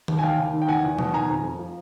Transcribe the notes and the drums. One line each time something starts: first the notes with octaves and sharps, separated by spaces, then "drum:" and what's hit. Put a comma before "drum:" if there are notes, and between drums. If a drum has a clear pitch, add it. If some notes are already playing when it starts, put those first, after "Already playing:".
D#2, drum: tom D#3
G#5
D#2 F5 G5
D#2
D#3
G5
E2 F#5 G#5
E2
B2, drum: tom
D#3 G#5 A#5
F2
F2
F3